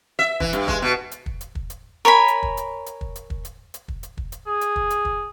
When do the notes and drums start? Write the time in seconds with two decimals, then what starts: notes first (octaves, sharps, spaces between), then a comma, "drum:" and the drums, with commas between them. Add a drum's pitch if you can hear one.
0.19 E5
0.40 E3, drum: kick
0.53 G2, drum: hi-hat
0.68 G#3, drum: kick
0.82 B2
1.12 drum: hi-hat
1.26 drum: kick
1.41 drum: hi-hat
1.55 drum: kick
1.70 drum: hi-hat
2.05 A#4 C#5 G#5 B5
2.28 drum: hi-hat
2.43 drum: kick
2.57 drum: hi-hat
2.86 drum: hi-hat
3.01 drum: kick
3.16 drum: hi-hat
3.30 drum: kick
3.45 drum: hi-hat
3.74 drum: hi-hat
3.88 drum: kick
4.03 drum: hi-hat
4.17 drum: kick
4.32 drum: hi-hat
4.46 G#4
4.61 drum: hi-hat
4.76 drum: kick
4.90 drum: hi-hat
5.05 drum: kick